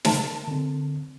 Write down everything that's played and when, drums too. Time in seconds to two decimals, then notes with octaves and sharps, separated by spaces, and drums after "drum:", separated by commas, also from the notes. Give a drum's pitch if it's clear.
0.05 A#4 A5, drum: snare
0.48 D3 C4